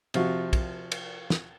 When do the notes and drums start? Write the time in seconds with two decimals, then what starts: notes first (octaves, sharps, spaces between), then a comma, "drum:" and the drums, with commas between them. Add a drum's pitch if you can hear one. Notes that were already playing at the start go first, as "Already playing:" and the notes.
0.14 C3 F3 F#4, drum: cymbal
0.53 drum: kick, cymbal
0.92 drum: cymbal
1.30 drum: snare